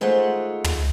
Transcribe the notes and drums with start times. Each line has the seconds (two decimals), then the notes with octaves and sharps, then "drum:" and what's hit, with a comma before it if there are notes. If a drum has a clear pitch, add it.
0.01 D#3 G#3 A3 F4 C5 F#5
0.64 drum: tom